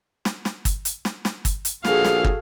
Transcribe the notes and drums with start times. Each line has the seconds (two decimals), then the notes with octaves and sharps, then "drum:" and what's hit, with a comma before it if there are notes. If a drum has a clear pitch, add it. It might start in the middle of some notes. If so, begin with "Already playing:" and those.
0.25 drum: snare
0.45 drum: snare
0.65 drum: kick, hi-hat
0.85 drum: hi-hat
1.05 drum: snare
1.25 drum: snare
1.45 drum: kick, hi-hat
1.65 drum: hi-hat
1.85 A#1 F#4 G#4 A4 F5, drum: snare
2.05 drum: snare
2.24 drum: kick